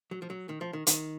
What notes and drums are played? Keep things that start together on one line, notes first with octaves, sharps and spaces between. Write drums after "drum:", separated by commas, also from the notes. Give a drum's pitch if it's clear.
F#3
F3
F#3
D#3
F3
D#3
D#3, drum: hi-hat